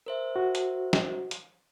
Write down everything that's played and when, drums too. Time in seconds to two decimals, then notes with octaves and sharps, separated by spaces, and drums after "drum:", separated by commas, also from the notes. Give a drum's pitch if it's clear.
0.06 A#4 C5 E5
0.36 F#4
0.55 drum: hi-hat
0.93 drum: snare
1.31 drum: hi-hat